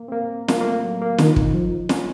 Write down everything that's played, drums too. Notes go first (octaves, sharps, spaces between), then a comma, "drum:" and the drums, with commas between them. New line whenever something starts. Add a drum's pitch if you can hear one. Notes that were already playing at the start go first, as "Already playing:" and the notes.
Already playing: A#3
C4
A#3
A#3, drum: snare
A#3
A3
F#3
A#3
D#3 D#4, drum: snare
drum: kick
F3
C#4, drum: snare